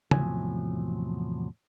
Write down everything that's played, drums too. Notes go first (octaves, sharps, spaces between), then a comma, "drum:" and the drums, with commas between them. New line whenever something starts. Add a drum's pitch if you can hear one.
E2 A2 C3 F3 F#3 G#5, drum: tom